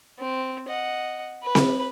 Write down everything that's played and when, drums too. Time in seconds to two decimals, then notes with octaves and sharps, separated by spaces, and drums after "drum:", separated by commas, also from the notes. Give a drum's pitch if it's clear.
0.19 C4
0.69 D#5 F#5
1.44 B4 B5
1.55 drum: snare C4